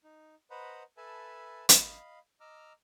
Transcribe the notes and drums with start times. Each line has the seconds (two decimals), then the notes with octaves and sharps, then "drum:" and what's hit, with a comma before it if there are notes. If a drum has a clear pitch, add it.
0.04 D#4
0.51 B4 C5 D#5 F#5 A#5 B5
0.97 A4 B4 E5 G#5 A5 B5
1.69 D#5 F5 B5, drum: hi-hat
2.40 D#5 A#5 D6 E6 F6